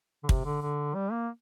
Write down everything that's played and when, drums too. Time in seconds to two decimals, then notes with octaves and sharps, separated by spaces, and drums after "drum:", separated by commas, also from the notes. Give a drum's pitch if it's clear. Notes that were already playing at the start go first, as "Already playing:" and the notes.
0.24 D3
0.29 C3, drum: kick
0.45 D3
0.62 D3
0.95 G3
1.11 A#3